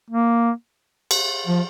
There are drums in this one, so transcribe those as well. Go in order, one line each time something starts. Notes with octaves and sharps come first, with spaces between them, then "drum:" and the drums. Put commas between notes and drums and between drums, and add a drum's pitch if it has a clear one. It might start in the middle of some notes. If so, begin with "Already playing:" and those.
A#3
drum: cymbal
F3